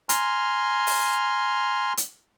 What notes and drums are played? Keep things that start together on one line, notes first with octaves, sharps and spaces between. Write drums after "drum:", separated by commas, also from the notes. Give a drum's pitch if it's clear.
G#5 A#5 C6 F6, drum: hi-hat
drum: open hi-hat
drum: hi-hat